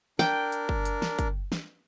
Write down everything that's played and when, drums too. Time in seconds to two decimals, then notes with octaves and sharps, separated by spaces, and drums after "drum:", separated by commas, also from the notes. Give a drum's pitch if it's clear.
0.19 D4 A#4 G5, drum: snare
0.52 drum: hi-hat
0.69 drum: kick
0.85 drum: hi-hat
1.02 drum: snare
1.19 drum: kick, hi-hat
1.52 drum: snare